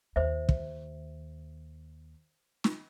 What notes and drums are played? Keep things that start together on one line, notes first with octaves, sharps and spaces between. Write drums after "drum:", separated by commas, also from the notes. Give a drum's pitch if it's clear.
D#2 C5 E5
drum: kick
drum: snare